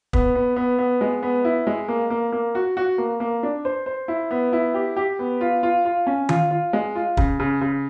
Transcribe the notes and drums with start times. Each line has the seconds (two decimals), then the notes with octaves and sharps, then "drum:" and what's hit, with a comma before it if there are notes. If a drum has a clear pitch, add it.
0.13 B3, drum: kick
0.35 B3
0.56 B3
0.79 B3
1.01 G#3
1.23 B3
1.45 E4
1.67 G#3
1.88 A#3
2.10 A#3
2.32 A#3
2.55 F#4
2.77 F#4
2.98 A#3
3.20 A#3
3.43 D4
3.65 C5
3.86 C5
4.08 E4
4.31 B3
4.53 E4
4.74 G4
4.96 G4
5.19 B3
5.41 F4
5.63 F4
5.85 F4
6.07 C#4
6.29 F4, drum: tom D#3
6.51 F4
6.73 G#3
6.95 F4
7.17 C#3, drum: kick
7.40 C#3
7.61 C#3